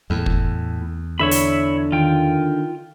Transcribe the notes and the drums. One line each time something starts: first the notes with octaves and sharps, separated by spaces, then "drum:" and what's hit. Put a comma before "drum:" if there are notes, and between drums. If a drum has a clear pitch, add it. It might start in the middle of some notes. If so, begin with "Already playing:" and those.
E2 A2
drum: kick
D3 E3 C#5 E5 B5
drum: open hi-hat
D#3 F4 G5